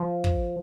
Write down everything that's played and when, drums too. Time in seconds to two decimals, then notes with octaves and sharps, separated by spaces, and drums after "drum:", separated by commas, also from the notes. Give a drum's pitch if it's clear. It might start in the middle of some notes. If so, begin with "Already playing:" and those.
Already playing: F3
0.24 drum: kick